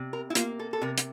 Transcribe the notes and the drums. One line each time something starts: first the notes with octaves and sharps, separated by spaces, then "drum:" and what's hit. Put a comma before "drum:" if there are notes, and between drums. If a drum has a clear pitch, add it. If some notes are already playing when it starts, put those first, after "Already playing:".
Already playing: C3
A#4
E4
A#3 F4, drum: hi-hat
A4
A4
C3 A#4
drum: hi-hat